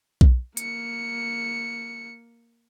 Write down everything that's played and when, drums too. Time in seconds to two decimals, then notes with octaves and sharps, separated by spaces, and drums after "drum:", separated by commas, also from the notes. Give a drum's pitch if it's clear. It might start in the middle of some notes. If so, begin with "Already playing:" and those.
0.21 drum: kick B1
0.57 A#3 C#7, drum: hi-hat